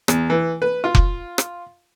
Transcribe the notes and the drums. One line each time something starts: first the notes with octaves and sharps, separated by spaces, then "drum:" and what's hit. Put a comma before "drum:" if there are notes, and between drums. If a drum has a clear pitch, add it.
E2, drum: rim click
E3
B4
F4
drum: kick F1
drum: rim click